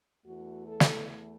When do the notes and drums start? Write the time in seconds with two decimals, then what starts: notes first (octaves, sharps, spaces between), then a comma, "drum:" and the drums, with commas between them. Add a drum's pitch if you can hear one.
0.25 E2 E3 A3 F#4
0.68 A4
0.80 drum: snare